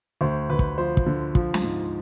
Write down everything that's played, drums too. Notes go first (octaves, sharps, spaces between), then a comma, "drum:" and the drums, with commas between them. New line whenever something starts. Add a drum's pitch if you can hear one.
D2 C5
D2 B4
drum: kick
F3 C5
drum: kick
D3
F3, drum: kick
drum: snare
G#2